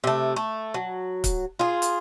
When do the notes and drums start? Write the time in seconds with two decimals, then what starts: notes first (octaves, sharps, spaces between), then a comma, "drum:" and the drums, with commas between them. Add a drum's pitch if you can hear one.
0.04 C3 A3
0.36 A3
0.74 F#3
1.24 drum: kick, hi-hat
1.59 F4 G#4
1.82 drum: hi-hat